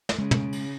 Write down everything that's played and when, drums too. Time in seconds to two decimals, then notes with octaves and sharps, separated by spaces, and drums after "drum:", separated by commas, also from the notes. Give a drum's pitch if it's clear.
0.09 drum: snare
0.18 C#3 G#3
0.31 drum: tom
0.52 drum: cymbal